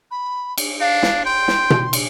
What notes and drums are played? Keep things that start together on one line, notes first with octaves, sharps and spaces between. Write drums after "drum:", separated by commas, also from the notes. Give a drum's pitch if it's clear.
B5
drum: cymbal
D4 F5
drum: snare
G5 C6
drum: snare
drum: tom B2
drum: cymbal